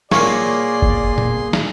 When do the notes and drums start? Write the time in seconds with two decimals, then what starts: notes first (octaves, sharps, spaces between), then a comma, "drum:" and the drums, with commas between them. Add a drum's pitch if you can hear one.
0.12 A#2 A#3 G#4 C#5 D5 C6 C#6, drum: snare
0.82 drum: kick F1
1.18 drum: tom A#2
1.53 drum: snare